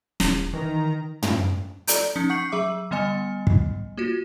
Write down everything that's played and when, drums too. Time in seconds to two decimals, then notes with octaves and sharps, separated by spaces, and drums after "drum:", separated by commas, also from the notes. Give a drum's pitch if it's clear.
0.20 E1, drum: snare
0.53 D#3 E3 A#5
1.22 drum: tom
1.87 A4 D5 A#5 G6, drum: hi-hat
2.16 F3 C#4 D#4 G6 C#7
2.30 F#5 C#6 G6 C7 C#7 F#7
2.52 F#3 G#4 E5 D6
2.91 D3 G3 B3 D#5 G#5 C#7
3.47 drum: kick
3.97 A#3 F4 F#4